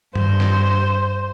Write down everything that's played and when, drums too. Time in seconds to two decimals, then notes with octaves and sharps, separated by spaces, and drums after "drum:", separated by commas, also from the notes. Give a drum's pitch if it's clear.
0.15 G2 C5, drum: tom G2
0.40 drum: snare